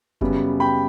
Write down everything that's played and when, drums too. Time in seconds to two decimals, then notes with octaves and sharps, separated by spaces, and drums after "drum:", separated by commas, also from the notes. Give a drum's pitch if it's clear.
0.21 F#2 C#3 G3 B3, drum: kick F1
0.60 G5 B5